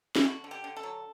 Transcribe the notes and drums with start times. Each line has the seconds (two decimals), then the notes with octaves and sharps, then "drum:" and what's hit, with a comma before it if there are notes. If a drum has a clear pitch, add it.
0.16 E4, drum: snare
0.24 D3 F#4
0.44 D3
0.51 G4
0.64 D3
0.76 A4
0.83 F#3